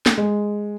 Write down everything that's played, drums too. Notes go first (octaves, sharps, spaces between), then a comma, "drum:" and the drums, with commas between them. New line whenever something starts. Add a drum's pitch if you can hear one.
drum: snare
G#3